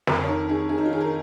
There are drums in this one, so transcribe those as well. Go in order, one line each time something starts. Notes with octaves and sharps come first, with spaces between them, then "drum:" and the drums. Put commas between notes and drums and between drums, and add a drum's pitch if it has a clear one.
F2 A#4, drum: snare
C#5
D#3 A#4
D#3 G#4
D#3 G#4
D#4
F4
D#3 G#4
A#4